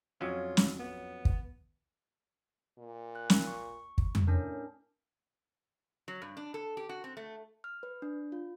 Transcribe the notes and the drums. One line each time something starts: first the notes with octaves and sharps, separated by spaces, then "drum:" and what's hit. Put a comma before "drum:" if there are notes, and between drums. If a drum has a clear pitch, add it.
F2 F#3 C#4 F4
drum: snare
B3
drum: kick
A#2
F#6
drum: snare
C#6
drum: kick
drum: tom F2
A2 C#4 D4 A#4
F#3
G2
D4
A4
G4
F#4
C4
A3
F6
B4
D4
F4